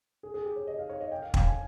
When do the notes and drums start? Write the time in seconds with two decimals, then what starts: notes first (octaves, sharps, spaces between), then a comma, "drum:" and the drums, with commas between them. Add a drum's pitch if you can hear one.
0.23 G#4
0.34 G#4
0.45 G4
0.56 C#5
0.67 D#5
0.79 F5
0.90 C#5
1.01 D#5
1.12 G5
1.22 F5
1.34 G5, drum: kick
1.45 G#5